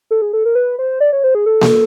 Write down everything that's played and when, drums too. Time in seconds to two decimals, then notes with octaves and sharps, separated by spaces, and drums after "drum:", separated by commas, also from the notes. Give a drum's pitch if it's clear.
0.11 A4
0.22 G#4
0.33 A4
0.45 A#4
0.55 B4
0.79 C5
1.00 D5
1.13 C#5
1.24 C5
1.35 G#4
1.46 A4
1.61 drum: snare A#3